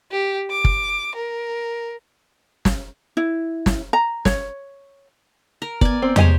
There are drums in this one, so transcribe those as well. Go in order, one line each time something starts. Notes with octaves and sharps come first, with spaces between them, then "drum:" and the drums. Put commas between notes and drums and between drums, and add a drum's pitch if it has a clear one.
G4
D6
drum: kick
A#4
drum: snare
E4
drum: snare
A#5
C#5, drum: snare
A#4
B3 D5 G#5, drum: kick
C4
G#3 G4 C5 C#5 D#5 G#5, drum: tom